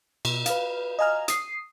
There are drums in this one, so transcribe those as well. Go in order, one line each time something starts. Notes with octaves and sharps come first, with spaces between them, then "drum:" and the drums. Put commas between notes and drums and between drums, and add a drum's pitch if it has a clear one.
B2, drum: cymbal
B4 F5, drum: hi-hat
D#5 F5 G#5 A#5 F6
D#6 C7, drum: hi-hat